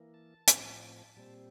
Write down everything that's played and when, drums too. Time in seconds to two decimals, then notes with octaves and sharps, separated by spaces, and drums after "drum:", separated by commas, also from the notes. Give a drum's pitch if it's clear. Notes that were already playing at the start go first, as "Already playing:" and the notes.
Already playing: E3 A#3
0.14 A5
0.47 A2 F3 C4, drum: hi-hat
1.17 A#2 G3 C4